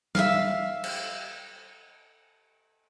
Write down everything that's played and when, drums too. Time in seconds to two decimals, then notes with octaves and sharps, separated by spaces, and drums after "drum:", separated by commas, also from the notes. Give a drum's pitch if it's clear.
0.15 E5 F5, drum: snare
0.84 drum: cymbal